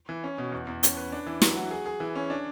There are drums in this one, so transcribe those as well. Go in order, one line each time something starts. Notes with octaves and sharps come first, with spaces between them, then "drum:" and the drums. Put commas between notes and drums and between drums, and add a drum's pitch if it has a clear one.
E3
C#4
B2
E2
E2
C#4, drum: hi-hat
B4
D4
E3
F#3, drum: snare
F#4
G#4
G#4
E3
C#4
D4